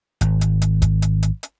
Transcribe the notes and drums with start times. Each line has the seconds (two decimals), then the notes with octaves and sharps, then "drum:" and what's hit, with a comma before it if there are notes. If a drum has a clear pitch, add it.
0.21 G#1, drum: hi-hat
0.41 drum: hi-hat
0.62 drum: hi-hat
0.82 drum: kick, hi-hat
1.02 drum: hi-hat
1.23 drum: hi-hat
1.43 drum: hi-hat